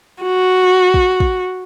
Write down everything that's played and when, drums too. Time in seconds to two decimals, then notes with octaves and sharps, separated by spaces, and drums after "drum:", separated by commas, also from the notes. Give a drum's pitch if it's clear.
0.23 F#4
0.94 drum: kick
1.20 drum: kick